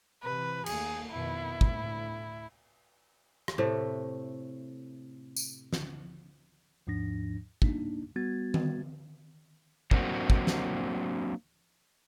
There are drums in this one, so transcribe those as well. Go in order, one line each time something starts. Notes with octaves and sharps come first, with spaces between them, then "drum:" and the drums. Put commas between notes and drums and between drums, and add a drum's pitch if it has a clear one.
C3 E3 B4
D#2 A3 A#3 G#4, drum: cymbal
F2 B2 D#3 E4
D2 A2, drum: kick
drum: rim click
A2 C3 A3
drum: tambourine
drum: snare
D#2 G#2 F3 D4 A#6
A#3 D4 D#4, drum: kick
G3 B3 F#4 G#6 A6
drum: tom D#3
F#3 A#3 C4 D4 F#4, drum: kick
drum: kick
drum: snare